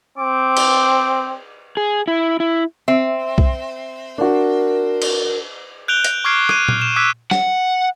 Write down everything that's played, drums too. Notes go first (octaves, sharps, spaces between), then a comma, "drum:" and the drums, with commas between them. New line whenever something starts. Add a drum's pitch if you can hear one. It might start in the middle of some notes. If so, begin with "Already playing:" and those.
C4 D6
drum: cymbal
G#4
E4
E4
C4 E5
drum: kick B1
D4 F#4 A#4
drum: cymbal
F#6 G6 D7 F7 G7
drum: hi-hat
C#6 D6 F6 G#6 C7 D7
G#6 D#7, drum: rim click
drum: tom A#2
E7
D6 E6 F#6 G#6 B6 D7
F#5, drum: snare